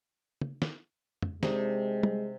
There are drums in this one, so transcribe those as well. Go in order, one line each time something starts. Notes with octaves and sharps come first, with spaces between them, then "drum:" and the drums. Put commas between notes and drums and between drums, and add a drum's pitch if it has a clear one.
drum: tom
drum: snare
drum: tom
C3 G#3 D4 D#4, drum: snare
drum: tom